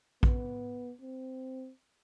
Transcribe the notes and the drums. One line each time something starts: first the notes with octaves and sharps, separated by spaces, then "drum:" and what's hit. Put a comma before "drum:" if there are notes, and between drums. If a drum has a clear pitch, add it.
B3, drum: kick A#1
C4